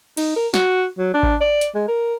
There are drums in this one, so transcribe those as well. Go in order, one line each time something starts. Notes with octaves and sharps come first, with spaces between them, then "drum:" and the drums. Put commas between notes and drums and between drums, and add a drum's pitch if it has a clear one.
D#4, drum: cymbal
A#4
F#4, drum: snare
F#3
D4
drum: kick G#1
D5
drum: hi-hat
G#3
A#4